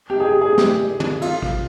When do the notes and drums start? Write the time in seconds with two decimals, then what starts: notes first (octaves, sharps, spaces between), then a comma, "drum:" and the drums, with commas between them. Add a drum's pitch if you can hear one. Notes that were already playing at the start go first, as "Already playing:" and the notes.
0.10 G4
0.20 G#4
0.25 G4
0.41 G#4
0.58 G4, drum: snare
1.00 drum: tom
1.22 F4, drum: cymbal
1.42 drum: kick